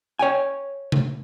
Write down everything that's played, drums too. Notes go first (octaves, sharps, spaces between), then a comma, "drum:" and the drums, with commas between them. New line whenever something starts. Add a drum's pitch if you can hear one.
C#5 G5 G#5
drum: tom C3